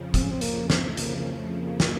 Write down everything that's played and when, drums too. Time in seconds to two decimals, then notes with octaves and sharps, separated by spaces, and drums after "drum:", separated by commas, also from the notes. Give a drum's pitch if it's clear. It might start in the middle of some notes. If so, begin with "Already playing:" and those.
Already playing: F2 C#3 F3
0.14 C4, drum: kick, hi-hat
0.23 C#4
0.31 C4
0.41 A#3, drum: hi-hat
0.70 C4, drum: snare
0.88 A3
0.97 A#3, drum: hi-hat
1.18 A#3
1.38 A3
1.59 A#3
1.80 drum: snare